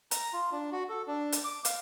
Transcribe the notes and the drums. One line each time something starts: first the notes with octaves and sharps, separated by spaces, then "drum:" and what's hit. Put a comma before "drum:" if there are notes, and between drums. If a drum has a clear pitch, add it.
A#5, drum: hi-hat
F4
D4
F#4
A4
D4
drum: hi-hat
D6
F5, drum: hi-hat